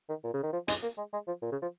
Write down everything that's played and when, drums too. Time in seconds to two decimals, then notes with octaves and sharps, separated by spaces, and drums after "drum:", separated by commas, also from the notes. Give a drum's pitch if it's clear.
0.09 D#3
0.24 A#2
0.34 C#3
0.43 D#3
0.53 F3
0.68 G#3, drum: hi-hat
0.83 A#3
0.98 G#3
1.13 G#3
1.27 F3
1.42 A#2
1.52 C#3
1.62 F3